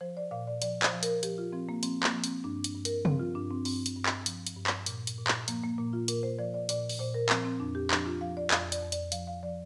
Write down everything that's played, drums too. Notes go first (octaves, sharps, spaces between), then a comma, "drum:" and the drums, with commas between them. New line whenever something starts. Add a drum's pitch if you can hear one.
F3 C5
D5
A#2 F5
D5
F3 D5, drum: hi-hat
C5, drum: clap
F3
A#4, drum: hi-hat
F3 G4, drum: hi-hat
F4
F3 C4
A#3
F3 C4, drum: hi-hat
A#3, drum: clap
F3
C4, drum: hi-hat
G2 D4
drum: hi-hat
G2
A#4, drum: hi-hat
F3 C4, drum: tom C3
F4
G2 D4
C4
G2 C4, drum: open hi-hat
drum: hi-hat
G2
drum: clap
F3, drum: hi-hat
drum: hi-hat
G2
drum: clap
A#2, drum: hi-hat
drum: hi-hat
A#2
drum: clap
F3 A#3, drum: hi-hat
A#3
A#2 A#3
F4
A#2 A#4, drum: hi-hat
C5
F3 D5
D5
A#2 D5, drum: hi-hat
drum: open hi-hat
A#2 C5
A#4
F3 C4, drum: clap
C4
F2 D4
G4
F3 D4, drum: clap
F4
F3 F5
D5
F2 F5, drum: clap
D5, drum: hi-hat
F2
D5, drum: hi-hat
F3 F5, drum: hi-hat
F5
F3 D5